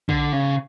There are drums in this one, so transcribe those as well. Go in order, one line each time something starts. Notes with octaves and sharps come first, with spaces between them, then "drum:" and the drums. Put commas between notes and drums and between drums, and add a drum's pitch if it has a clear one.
D3, drum: kick
C#3